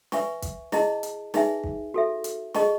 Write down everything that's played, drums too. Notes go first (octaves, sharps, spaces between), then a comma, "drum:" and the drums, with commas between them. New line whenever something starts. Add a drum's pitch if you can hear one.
B4 E5 G#5 C#6, drum: snare
drum: kick, hi-hat
E4 G#4 D#5 A5, drum: snare
drum: hi-hat
D#4 G#4 B4 E5 G#5, drum: snare
drum: kick
F#4 A4 E5
drum: hi-hat
G#4 D#5 A5 C#6, drum: snare